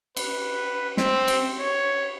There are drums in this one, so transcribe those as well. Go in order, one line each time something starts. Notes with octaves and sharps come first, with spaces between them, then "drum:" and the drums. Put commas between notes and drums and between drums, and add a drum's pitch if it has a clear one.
B4, drum: cymbal
C4, drum: snare
drum: cymbal
C#5